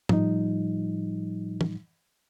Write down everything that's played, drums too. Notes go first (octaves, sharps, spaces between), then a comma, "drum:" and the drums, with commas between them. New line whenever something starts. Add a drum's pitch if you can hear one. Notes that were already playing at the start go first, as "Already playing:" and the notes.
A2 F3 G3 D#4, drum: tom G#2
drum: tom